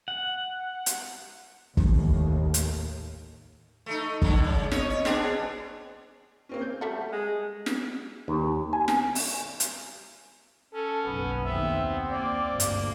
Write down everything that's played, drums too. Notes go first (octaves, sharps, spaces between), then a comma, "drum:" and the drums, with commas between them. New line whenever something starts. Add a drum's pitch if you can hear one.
F#5
drum: hi-hat
D#2 A2, drum: kick
drum: hi-hat
A3 D#4
A2 D3 A#3, drum: kick
C#3
C#5 D#5, drum: snare
C#5
B3 D4 G#4, drum: snare
A#3 C4 C#4
G6
G3 A3 F#4
G#3
drum: snare
D#2
G#5
drum: snare
drum: open hi-hat
drum: hi-hat
C#4 A4
F#1 B1 B3
D#2 B3 C4 E5
D#2 A#3 D5
G1 D2 A#2
drum: hi-hat